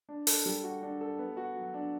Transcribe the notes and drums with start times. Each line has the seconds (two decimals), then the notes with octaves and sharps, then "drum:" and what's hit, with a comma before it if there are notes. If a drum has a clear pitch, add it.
0.09 D4
0.27 A4, drum: open hi-hat
0.46 G3
0.64 F#4
0.82 D4
1.01 A4
1.19 B3
1.37 F#4
1.56 F#3
1.74 D4